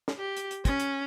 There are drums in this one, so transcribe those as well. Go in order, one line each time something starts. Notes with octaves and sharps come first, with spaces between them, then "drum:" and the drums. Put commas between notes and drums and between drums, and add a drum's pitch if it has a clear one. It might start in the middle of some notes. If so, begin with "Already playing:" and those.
drum: snare
G4
drum: hi-hat
drum: hi-hat
C#4, drum: kick, hi-hat
drum: hi-hat